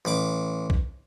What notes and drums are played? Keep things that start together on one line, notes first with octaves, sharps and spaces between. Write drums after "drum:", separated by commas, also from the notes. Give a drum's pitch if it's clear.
A1 B5 D6
drum: kick